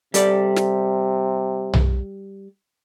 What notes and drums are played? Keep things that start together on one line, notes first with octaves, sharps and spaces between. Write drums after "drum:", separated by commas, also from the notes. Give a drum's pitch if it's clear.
C3 G3 A4 D5, drum: hi-hat
drum: snare
drum: tom B1